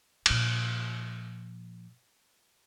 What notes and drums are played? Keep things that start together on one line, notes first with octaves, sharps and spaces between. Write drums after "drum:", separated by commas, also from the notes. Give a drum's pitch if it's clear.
A#2 F3, drum: cymbal